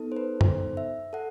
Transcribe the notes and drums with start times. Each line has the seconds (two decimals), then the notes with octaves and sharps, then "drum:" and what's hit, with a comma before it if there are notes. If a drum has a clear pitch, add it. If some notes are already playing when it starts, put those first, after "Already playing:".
Already playing: B3 D#4 A4
0.12 C5
0.17 B4
0.41 C5, drum: tom F#2
0.77 E5
1.13 A4 F#5